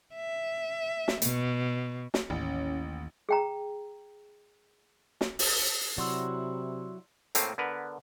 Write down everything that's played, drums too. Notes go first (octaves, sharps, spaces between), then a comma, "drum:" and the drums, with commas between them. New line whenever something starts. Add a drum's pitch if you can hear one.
E5
drum: snare
B2, drum: hi-hat
drum: snare
A1 D#2 C#4
G#4 G5 A#5
drum: snare
drum: open hi-hat
C3 F#3 E4 F#4 D5 C6 E6
A2 A3 A#3 C4, drum: hi-hat
D3 B3 A#4 B4